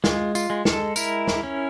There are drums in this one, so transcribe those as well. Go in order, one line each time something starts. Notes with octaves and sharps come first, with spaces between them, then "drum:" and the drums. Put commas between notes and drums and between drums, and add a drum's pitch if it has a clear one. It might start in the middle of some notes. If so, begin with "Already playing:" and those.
G#3 F4, drum: snare
F4, drum: tambourine
G#3
A4, drum: snare
E4 A#4, drum: tambourine
drum: snare
C#4